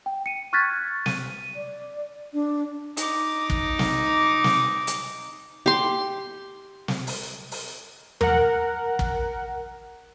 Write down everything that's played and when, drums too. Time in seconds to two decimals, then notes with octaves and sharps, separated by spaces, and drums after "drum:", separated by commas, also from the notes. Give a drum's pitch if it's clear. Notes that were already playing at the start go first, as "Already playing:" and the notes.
0.06 G5
0.26 C#7 D#7
0.53 C#6 F6 F#6 G#6 A6 B6
1.06 D#7, drum: snare
1.56 D5
2.34 D4
2.97 D#4 D6, drum: hi-hat
3.50 drum: kick
3.79 drum: snare
4.44 drum: snare
4.87 drum: hi-hat
5.66 G4 C6
6.88 drum: snare
7.07 drum: open hi-hat
7.51 drum: open hi-hat
8.21 A#4 F#5, drum: tom
8.99 drum: kick